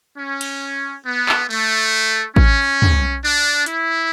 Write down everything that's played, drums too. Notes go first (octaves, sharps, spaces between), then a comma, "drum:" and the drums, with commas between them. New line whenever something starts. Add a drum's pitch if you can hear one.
C#4
drum: cymbal
B3
drum: clap
A3
C#4, drum: kick A1
drum: tom
D4
E4, drum: hi-hat